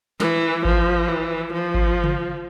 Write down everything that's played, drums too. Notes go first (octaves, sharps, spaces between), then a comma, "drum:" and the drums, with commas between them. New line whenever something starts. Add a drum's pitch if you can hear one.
E3, drum: snare
F3, drum: kick G#1
E3
F3
drum: kick G#1
drum: tom C#3